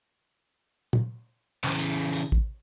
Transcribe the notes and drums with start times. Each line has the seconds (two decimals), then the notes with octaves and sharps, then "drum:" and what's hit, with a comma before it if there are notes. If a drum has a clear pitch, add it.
0.93 drum: tom
1.64 C#3 E3, drum: clap
1.79 drum: hi-hat
2.13 drum: tambourine
2.32 drum: kick